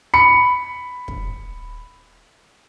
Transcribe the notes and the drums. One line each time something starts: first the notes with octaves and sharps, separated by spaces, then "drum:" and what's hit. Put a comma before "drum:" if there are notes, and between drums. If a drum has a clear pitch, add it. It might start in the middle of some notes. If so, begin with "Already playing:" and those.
B5 C#7
drum: kick